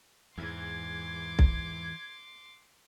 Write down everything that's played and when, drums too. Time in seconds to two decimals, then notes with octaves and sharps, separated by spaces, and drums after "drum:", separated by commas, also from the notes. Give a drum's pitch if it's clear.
0.38 E2 G#2 E3 C6 D6 G#6
1.39 drum: kick B1